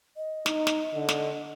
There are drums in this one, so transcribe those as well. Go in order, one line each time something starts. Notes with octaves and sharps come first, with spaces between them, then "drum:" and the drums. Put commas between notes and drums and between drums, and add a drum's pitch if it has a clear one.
D#5
D#4, drum: snare
drum: snare
D3
drum: snare